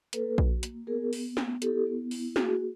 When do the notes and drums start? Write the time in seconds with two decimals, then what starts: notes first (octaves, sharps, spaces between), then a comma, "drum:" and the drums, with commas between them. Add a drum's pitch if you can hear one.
0.13 A#3 A4 B4, drum: hi-hat
0.38 F#4, drum: kick A#1
0.63 A#3, drum: hi-hat
0.87 B3 G#4 A#4
1.13 B3, drum: open hi-hat
1.37 B3, drum: snare
1.62 E4 G4 A4, drum: hi-hat
1.87 B3
2.11 E4, drum: open hi-hat
2.36 A#3 F#4 G#4, drum: snare